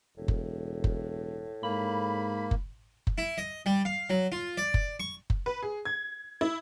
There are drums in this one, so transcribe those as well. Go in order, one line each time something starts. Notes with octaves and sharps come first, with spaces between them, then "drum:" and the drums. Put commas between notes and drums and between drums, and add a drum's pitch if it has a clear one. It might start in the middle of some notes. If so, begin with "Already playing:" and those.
E1 A2
drum: kick F#1
drum: kick F#1
G#2 A#3 B5
drum: kick F#1
drum: kick F#1
E4
D#5
G3
F5
F#3
F4
D5
drum: kick F#1
C#6
drum: kick F#1
B4
G#4
G#6
E4